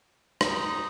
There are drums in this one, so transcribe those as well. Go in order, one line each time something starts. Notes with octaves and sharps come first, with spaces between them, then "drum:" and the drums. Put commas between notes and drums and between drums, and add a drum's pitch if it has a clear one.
D#4, drum: rim click